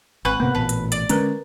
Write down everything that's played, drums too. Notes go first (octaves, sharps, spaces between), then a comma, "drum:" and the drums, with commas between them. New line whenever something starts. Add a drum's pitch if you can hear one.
G#1 C4 B4 F#5 C#6 F#6
G#2 C3 A#3 B3
A1 A#2 B4 A5
drum: hi-hat
D5, drum: hi-hat
D3 G#3 C#4 A#4 B4 A#5, drum: hi-hat